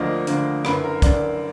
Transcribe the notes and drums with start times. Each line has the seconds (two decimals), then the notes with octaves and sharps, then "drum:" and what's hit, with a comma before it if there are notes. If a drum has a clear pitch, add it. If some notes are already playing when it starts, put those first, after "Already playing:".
Already playing: D2 D3 F3 A#3 D4 D#5
0.27 D2 D3 F3 A#3 D4, drum: hi-hat
0.65 F#1 F#2 D3 B4, drum: rim click
0.83 A#4
1.02 F#1 F#2 D3 D5, drum: kick, hi-hat